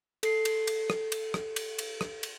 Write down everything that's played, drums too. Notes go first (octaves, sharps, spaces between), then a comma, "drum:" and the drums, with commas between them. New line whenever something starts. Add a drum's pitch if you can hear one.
A4 C7, drum: cymbal
drum: cymbal
drum: cymbal
drum: rim click
drum: cymbal
drum: rim click
drum: cymbal
drum: cymbal
drum: rim click
drum: cymbal